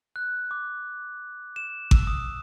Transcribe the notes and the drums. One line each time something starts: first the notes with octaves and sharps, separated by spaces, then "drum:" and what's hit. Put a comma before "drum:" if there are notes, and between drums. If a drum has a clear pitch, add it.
F#6
D6
E7
E6, drum: kick G#1
D#6